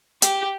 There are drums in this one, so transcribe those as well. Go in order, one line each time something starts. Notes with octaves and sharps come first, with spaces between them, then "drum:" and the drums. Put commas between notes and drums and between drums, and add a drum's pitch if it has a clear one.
G4, drum: hi-hat